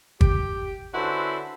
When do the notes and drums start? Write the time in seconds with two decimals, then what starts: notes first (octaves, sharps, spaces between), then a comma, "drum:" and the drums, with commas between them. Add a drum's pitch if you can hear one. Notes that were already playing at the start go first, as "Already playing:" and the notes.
0.21 G4, drum: kick G1
0.94 D3 C#4 E4 F#4 B4 C5